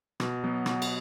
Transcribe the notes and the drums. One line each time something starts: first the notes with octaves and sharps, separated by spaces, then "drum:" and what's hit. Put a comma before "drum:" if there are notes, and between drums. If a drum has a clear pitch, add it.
B2, drum: rim click
F#3 B3
B2, drum: rim click
drum: cymbal